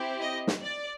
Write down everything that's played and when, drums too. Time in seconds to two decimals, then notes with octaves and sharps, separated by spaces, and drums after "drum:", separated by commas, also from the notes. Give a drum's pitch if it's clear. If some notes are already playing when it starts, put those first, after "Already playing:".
Already playing: C4 E4 G4
0.20 D#5
0.47 drum: snare
0.61 D5